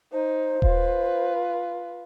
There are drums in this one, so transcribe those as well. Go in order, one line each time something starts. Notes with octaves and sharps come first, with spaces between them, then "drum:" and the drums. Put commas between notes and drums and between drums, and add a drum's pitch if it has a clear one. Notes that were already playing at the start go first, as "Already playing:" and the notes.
D#4 C5
F4 B4, drum: kick D#1